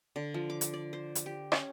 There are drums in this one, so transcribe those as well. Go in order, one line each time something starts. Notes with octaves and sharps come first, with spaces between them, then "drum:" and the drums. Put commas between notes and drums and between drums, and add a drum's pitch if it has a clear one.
D3
F3
D6
drum: hi-hat
D5
C5
drum: hi-hat
G4
C#4, drum: rim click